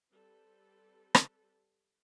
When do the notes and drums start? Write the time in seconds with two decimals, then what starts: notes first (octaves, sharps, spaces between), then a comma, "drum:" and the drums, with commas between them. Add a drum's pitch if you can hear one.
0.11 G3 C4 A4 B4
1.15 drum: rim click